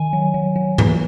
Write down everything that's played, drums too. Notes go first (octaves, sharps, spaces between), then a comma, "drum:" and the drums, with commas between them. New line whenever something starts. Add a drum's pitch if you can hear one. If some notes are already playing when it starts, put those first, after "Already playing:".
Already playing: D#3 G#5
F#3
F#3
F#3
E3, drum: tom G#2